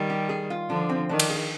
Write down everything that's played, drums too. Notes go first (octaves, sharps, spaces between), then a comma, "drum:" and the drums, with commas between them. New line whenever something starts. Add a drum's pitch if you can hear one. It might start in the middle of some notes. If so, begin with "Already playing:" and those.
Already playing: D#3 G3
G4
G#4
F4
D3 F3 D4
C4
D#3 D4
drum: cymbal
G#4